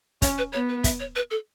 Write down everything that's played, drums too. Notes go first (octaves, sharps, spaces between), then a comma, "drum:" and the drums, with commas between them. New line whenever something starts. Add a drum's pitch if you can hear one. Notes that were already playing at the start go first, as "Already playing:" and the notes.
C#4 C#5, drum: kick, hi-hat
B4
B3 C#5
B4
E5, drum: kick, hi-hat
C#5
B4
A4